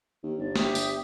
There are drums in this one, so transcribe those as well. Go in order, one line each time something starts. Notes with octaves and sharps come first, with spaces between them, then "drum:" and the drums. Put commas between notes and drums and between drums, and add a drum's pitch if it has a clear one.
D#2
G1 D5
G4 E5 D#6, drum: snare
drum: tambourine